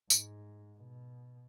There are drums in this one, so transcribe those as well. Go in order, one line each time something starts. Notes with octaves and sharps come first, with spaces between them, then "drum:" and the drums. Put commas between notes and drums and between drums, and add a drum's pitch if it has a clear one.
G#2, drum: tambourine
B2